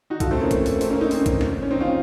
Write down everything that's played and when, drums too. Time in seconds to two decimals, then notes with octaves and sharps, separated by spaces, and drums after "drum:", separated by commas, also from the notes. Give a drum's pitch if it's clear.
0.10 D#4 F#4
0.20 F4 A4, drum: kick, hi-hat
0.31 A3 C4
0.41 A#3 C#4
0.51 drum: kick, hi-hat
0.66 drum: open hi-hat
0.81 A3 C4, drum: open hi-hat
0.90 A#3 C#4
1.00 C4 D#4
1.11 C4 D#4, drum: open hi-hat
1.26 drum: kick, hi-hat
1.41 drum: snare
1.62 C#4
1.71 C4 D#4
1.81 C#4 F4